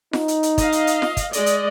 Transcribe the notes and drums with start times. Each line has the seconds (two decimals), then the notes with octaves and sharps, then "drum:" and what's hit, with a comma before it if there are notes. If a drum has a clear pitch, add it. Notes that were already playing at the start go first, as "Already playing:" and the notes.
0.13 D#4, drum: snare F4
0.28 drum: hi-hat
0.43 drum: hi-hat
0.58 D#5 F5, drum: kick, hi-hat
0.72 drum: hi-hat
0.87 drum: hi-hat
1.02 drum: snare F4
1.17 drum: kick, hi-hat
1.33 G#3 D5 D#5, drum: hi-hat
1.46 drum: hi-hat